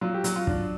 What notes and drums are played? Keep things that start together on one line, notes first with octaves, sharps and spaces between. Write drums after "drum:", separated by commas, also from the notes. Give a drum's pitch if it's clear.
F#3 F4
G4
F#3 F#4, drum: hi-hat
F4
D4, drum: kick